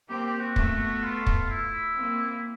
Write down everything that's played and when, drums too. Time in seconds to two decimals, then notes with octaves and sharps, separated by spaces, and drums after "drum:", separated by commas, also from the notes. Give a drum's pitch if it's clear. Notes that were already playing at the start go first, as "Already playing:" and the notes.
0.09 A#3 C4 G4
0.25 G4
0.40 F#4
0.56 A3 B3, drum: kick
1.03 F4
1.27 drum: kick
1.50 E4
1.96 A#3 C4